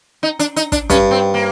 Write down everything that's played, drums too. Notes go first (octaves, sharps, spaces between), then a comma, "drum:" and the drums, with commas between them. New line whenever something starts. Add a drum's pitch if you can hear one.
D#4
D4, drum: hi-hat
D#4, drum: hi-hat
D4, drum: kick, hi-hat
G2 C#4, drum: kick, hi-hat
C4
A#3